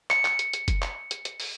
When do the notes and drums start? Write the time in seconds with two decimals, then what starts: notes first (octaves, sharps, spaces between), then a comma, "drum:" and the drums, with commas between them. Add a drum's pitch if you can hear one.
0.10 C#7, drum: clap
0.25 drum: clap
0.39 drum: hi-hat
0.53 drum: hi-hat
0.68 drum: kick F#1, hi-hat
0.82 drum: clap
1.11 drum: hi-hat
1.25 drum: hi-hat
1.40 drum: open hi-hat